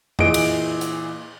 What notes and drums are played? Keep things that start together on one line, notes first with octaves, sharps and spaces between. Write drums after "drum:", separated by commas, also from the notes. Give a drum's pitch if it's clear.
A#2 E3 G#4 D#5 D7, drum: tom F2
drum: cymbal
drum: hi-hat